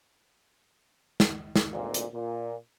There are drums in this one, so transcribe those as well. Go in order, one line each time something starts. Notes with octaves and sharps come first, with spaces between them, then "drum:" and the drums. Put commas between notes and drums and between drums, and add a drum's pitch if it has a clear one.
drum: snare
drum: snare
G#1 D2 A#2
drum: hi-hat
A#2